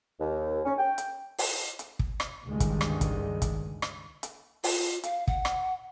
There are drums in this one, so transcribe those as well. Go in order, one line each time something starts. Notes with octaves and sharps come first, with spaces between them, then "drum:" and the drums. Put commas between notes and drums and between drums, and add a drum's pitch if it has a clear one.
D#2
C#4
G5
drum: hi-hat
drum: open hi-hat
drum: hi-hat
drum: kick
drum: rim click
C#2 G2 D3 D#3 G3 G#3
drum: kick, hi-hat
drum: rim click
drum: kick, hi-hat
drum: kick, hi-hat
drum: rim click
drum: hi-hat
F4, drum: open hi-hat
F5, drum: hi-hat
F#5, drum: kick
drum: rim click